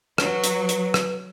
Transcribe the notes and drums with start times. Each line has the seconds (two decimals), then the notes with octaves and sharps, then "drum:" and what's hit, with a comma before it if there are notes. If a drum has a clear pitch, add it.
0.18 F#3 B4, drum: rim click
0.44 drum: hi-hat
0.69 drum: hi-hat
0.94 drum: rim click